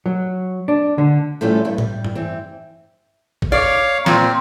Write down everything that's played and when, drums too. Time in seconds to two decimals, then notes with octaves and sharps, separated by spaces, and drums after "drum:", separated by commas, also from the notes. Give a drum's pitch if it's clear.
0.06 F#3
0.68 D4
0.98 D3
1.41 A2 F3 G3 A3 C#4 A4
1.65 G2 E4 B4
1.78 G3, drum: tom A2
2.05 drum: tom G2
2.15 E3 C4
3.42 drum: kick A1
3.52 C#5 D5 F5
4.06 A#2 C4, drum: snare